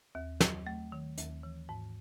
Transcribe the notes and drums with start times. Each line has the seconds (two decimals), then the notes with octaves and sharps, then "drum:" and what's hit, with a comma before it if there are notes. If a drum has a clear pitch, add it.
0.15 D#2
0.40 F#3, drum: snare
0.67 A3
0.92 D#3
1.18 D#2, drum: hi-hat
1.43 E3
1.69 G#2